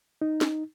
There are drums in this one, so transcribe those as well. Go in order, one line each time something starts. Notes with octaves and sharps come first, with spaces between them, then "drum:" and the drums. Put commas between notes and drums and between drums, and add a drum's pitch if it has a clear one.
D#4
drum: snare